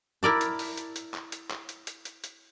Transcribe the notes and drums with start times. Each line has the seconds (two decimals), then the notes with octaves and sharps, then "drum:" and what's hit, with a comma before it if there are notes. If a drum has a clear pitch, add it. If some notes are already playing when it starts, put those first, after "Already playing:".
0.23 E4 A#4 D5 A5
0.41 drum: hi-hat
0.59 drum: open hi-hat
0.77 drum: hi-hat
0.96 drum: hi-hat
1.14 drum: clap
1.32 drum: hi-hat
1.51 drum: clap
1.69 drum: hi-hat
1.87 drum: hi-hat
2.05 drum: hi-hat
2.24 drum: hi-hat